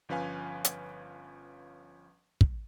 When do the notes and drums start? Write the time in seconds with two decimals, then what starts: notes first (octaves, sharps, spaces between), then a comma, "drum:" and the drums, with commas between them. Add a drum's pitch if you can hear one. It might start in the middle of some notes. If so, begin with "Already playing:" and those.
0.09 G1 F3 C#4 B4 F5 G#5
0.64 drum: hi-hat
2.41 drum: kick